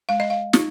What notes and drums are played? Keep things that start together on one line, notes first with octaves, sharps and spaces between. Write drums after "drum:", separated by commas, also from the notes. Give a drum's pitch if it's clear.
G#3 F5
D#5
F5
D#4, drum: snare